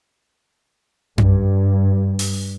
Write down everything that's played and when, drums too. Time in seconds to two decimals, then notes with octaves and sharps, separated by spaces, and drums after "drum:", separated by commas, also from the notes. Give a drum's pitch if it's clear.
1.18 G2, drum: tom F#2
2.19 drum: open hi-hat